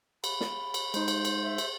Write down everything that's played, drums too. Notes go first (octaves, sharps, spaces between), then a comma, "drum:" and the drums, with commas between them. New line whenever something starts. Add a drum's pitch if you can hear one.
B5, drum: cymbal
drum: snare
drum: cymbal
G#3 D#4 C5, drum: cymbal
drum: cymbal
drum: cymbal
E5
drum: cymbal